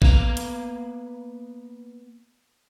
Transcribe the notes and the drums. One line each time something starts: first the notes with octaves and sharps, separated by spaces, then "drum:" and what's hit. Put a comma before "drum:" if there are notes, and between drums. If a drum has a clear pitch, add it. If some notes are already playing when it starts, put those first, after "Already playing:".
A#3 B3 B4 F5 G#5 A#5, drum: kick G#1
drum: hi-hat